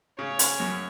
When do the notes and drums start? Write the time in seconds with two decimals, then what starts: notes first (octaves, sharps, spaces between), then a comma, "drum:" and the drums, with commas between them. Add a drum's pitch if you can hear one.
0.19 C#3 C#5
0.39 C#4, drum: hi-hat
0.60 F#2